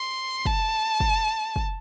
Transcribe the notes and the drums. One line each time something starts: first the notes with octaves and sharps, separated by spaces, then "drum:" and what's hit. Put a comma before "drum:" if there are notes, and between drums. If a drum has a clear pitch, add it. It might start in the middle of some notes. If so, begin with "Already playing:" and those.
Already playing: C6
A5, drum: kick
drum: kick
drum: kick